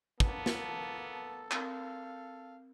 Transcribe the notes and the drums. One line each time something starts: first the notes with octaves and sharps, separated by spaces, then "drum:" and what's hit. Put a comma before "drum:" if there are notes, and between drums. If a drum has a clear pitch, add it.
A#3 B3 A4 A5, drum: kick
drum: snare
C4 A#4 F5, drum: clap